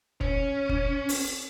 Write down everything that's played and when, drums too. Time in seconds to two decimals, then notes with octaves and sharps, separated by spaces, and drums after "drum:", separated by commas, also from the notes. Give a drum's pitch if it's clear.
0.21 C#4, drum: kick F1
0.69 drum: kick F1
1.09 drum: open hi-hat